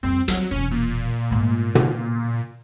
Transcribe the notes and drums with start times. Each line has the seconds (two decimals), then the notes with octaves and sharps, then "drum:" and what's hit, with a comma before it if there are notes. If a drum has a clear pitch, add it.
0.03 F2 G3 C4
0.28 F#3 G3 C4, drum: hi-hat
0.51 E1 E3 C#4
0.71 A#2
1.31 G#2 A3
1.75 C#3, drum: tom